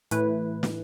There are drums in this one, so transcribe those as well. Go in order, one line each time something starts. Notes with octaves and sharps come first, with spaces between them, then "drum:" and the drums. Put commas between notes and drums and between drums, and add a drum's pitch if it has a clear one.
A2 E3 A3 E4 B4, drum: hi-hat
drum: snare